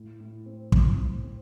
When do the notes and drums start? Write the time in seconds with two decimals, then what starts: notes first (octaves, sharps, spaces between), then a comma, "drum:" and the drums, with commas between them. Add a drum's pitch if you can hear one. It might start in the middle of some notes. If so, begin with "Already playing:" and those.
Already playing: A2
0.20 A2
0.46 C4
0.72 A2, drum: kick
0.98 C4
1.24 C4